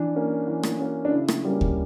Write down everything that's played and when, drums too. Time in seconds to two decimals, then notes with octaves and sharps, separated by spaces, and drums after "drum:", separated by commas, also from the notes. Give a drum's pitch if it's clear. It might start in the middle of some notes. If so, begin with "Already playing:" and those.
Already playing: E3 D4
0.15 A#3 C#4
0.48 E3
0.63 drum: rim click
0.79 A#3 C#4
1.05 D4
1.12 C#3 E4
1.28 drum: rim click
1.45 G3 A#3 C#4
1.61 drum: kick D2